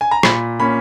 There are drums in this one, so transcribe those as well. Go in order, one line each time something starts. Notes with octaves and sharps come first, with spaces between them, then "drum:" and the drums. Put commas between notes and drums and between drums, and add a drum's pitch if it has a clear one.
G#5
A#5
A#2 B5, drum: rim click
A#3 C#4 B5